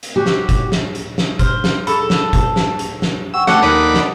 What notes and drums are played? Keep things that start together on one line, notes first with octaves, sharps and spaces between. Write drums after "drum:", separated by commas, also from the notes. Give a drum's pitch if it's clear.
drum: hi-hat
F#4 G4
drum: snare
drum: kick, hi-hat
drum: snare
drum: hi-hat
drum: snare
C5 F6, drum: kick, hi-hat
drum: snare
G#4 A4 B5 E6 C#7, drum: hi-hat
drum: snare
drum: kick, hi-hat
drum: snare
drum: hi-hat
drum: snare
F#5 G5 C#6 E6
A3 A4 F#5 G5 A5 D6, drum: snare
D#2 A#4 D5 D#5 F#5 B5
drum: snare